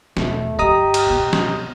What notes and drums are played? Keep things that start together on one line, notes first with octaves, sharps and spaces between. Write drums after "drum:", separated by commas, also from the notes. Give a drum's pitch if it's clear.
E2 B2 A3, drum: snare
G2 D3 G4 D#5 A#5 D#6
drum: cymbal
B1 B2
drum: snare